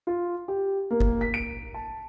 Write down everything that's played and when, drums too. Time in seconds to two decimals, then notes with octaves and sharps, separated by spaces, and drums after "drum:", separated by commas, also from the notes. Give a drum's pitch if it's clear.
0.07 F4
0.48 G4
0.91 A#3
1.00 drum: kick G1
1.21 B6
1.34 D7
1.74 A5